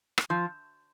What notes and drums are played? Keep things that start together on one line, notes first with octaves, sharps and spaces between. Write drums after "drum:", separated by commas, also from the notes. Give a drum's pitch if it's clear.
drum: rim click
F3